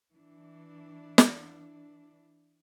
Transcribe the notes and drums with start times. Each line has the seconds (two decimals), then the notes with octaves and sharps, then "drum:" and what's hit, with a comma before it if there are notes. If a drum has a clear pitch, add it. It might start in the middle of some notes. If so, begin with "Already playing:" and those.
0.12 E3 D4
1.18 drum: snare